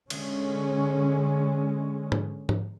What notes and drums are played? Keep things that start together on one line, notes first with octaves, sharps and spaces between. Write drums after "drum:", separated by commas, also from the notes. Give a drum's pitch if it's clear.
D3 G#3 C#4, drum: cymbal
drum: tom G#2
drum: tom G#2